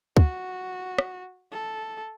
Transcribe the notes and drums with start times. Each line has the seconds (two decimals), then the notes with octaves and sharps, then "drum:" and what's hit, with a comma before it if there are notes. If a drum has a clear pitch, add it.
0.17 F#4, drum: kick
0.98 drum: rim click
1.51 A4